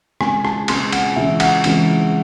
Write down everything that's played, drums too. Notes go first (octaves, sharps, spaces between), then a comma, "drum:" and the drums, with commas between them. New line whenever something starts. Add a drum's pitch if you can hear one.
C#3 G#3 C4 G#5, drum: rim click
A5, drum: rim click
C#3 G#3 C4 C6, drum: cymbal
F#5, drum: cymbal
C#3 E3 G#3 C4 E5
F#5, drum: cymbal
C#3 E3 G#3 C4, drum: cymbal